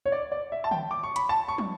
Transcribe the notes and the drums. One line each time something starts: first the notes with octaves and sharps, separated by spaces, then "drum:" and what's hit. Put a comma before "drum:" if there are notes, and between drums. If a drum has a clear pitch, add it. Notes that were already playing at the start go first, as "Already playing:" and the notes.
C#5
D5
D5
E5
A5
G5, drum: tom D3
D6
C#6
B5, drum: hi-hat
A5
C#6
drum: tom